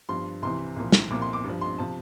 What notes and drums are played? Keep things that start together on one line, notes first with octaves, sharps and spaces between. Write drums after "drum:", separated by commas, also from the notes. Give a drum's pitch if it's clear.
G2 F3 C6
C2 C3 E3 C6
C2 A#2 F3
drum: snare
C2 A#2 F3 D6
C6
D6
G2 F3
C6
C3 F3 A5